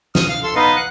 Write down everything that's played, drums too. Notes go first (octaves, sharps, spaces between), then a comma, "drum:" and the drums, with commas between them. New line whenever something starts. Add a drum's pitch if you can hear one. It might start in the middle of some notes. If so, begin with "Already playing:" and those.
D#6 F6, drum: snare
F5 F6
A4 C6 E6
B3 D#4 B4 D#5 F5
F#5 F#6